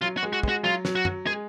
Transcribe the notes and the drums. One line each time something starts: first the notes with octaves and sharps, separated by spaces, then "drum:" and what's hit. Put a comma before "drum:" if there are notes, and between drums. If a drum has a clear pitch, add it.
F#3 F4
F#4
G#3
F#4
G#3, drum: kick
F#4
F#3 F4
F#3, drum: snare
F#4
F#3, drum: tom
G#3 G#4